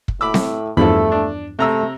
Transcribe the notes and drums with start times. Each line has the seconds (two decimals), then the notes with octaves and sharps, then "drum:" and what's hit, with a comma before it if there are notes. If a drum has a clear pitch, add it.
0.08 drum: kick
0.21 A2 B5 D6 E6
0.34 drum: snare C4
0.77 E2 G2 F3 A3 A4 B5
1.12 D4
1.59 C3 A3 A#5 E6